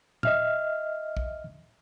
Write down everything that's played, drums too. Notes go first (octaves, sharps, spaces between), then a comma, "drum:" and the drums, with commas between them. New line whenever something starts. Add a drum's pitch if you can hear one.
D#5 E5 F6, drum: tom
drum: kick